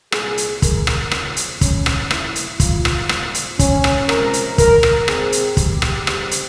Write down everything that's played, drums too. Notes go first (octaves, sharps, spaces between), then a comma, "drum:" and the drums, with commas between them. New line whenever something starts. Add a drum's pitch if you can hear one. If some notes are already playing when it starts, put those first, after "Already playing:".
C2 A#2 G3 G#4, drum: rim click
drum: hi-hat
A#4, drum: kick, hi-hat
drum: rim click
C#2 C#3 F3 C4 C#4, drum: rim click
drum: hi-hat
C#4, drum: kick, hi-hat
drum: rim click
A#2 F3 A#3 E4, drum: rim click
drum: hi-hat
F4, drum: kick, hi-hat
drum: rim click
A#2 G3 C4, drum: rim click
drum: hi-hat
C#4, drum: kick, hi-hat
drum: rim click
C2 C3 F3 G#3 A#4, drum: rim click
drum: hi-hat
A#4, drum: kick, hi-hat
drum: rim click
A#2 G#3 C4 G#4, drum: rim click
drum: hi-hat
G4, drum: kick, hi-hat
drum: rim click
F2 C#3 G3 C4, drum: rim click
drum: hi-hat